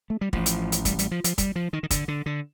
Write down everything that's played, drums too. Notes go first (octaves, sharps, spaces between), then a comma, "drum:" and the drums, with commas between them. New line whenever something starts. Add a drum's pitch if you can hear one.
A3
G3
A1 A2 F3, drum: kick
drum: hi-hat
drum: hi-hat
G3, drum: kick, hi-hat
G3, drum: hi-hat
F3
F3, drum: hi-hat
G3, drum: kick, hi-hat
F3
D#3
D#3
D3, drum: kick, hi-hat
D3
D3